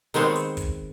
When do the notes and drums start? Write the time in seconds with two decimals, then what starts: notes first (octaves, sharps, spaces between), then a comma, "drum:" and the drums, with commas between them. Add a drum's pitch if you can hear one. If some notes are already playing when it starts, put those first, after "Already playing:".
0.14 D#3 G#3 B3 C4 C5 C#5, drum: open hi-hat
0.35 drum: hi-hat
0.57 drum: kick, hi-hat